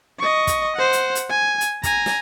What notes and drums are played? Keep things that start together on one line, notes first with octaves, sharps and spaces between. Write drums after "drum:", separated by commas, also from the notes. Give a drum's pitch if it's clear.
D#5 C#6
drum: kick, hi-hat
C5 F#5
drum: hi-hat
drum: hi-hat
G#5
drum: hi-hat
G#5 A#5, drum: kick, hi-hat
drum: snare